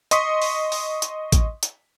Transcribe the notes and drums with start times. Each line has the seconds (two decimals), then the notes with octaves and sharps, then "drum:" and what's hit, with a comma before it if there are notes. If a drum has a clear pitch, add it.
0.11 D#5 C6 C#6 D#6 B6, drum: hi-hat
0.42 drum: open hi-hat
0.72 drum: open hi-hat
1.02 drum: hi-hat
1.32 drum: kick A1, hi-hat
1.63 drum: hi-hat